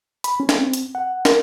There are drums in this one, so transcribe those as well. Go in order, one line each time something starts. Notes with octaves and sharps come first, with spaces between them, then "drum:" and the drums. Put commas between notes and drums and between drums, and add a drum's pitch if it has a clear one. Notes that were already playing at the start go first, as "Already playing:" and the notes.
B5, drum: hi-hat
C#4
drum: snare
C4
drum: hi-hat
F#5
A#4, drum: snare